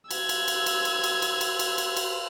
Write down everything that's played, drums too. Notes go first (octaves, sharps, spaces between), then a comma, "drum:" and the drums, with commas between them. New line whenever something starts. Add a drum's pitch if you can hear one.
E6 G#6, drum: cymbal
drum: cymbal
drum: cymbal
drum: cymbal
drum: cymbal
drum: cymbal
drum: cymbal
drum: cymbal
drum: cymbal
drum: cymbal
drum: cymbal